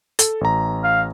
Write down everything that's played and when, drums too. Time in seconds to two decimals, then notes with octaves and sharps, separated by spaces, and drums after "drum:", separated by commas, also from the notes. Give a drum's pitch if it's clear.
0.19 A4, drum: hi-hat
0.41 A1 A#5
0.84 F5